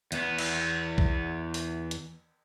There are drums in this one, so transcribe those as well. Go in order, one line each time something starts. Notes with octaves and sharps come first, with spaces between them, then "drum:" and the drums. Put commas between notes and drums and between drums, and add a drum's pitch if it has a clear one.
E2 B3, drum: hi-hat
drum: cymbal
drum: kick
drum: open hi-hat
drum: hi-hat